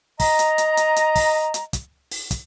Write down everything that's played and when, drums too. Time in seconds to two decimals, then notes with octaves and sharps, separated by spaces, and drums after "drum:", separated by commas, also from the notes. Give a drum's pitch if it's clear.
0.20 D#5 A#5, drum: kick, open hi-hat
0.39 drum: hi-hat
0.58 drum: hi-hat
0.77 drum: hi-hat
0.96 drum: hi-hat
1.16 drum: kick, open hi-hat
1.54 drum: hi-hat
1.73 drum: kick, hi-hat
2.11 drum: open hi-hat
2.31 drum: kick, hi-hat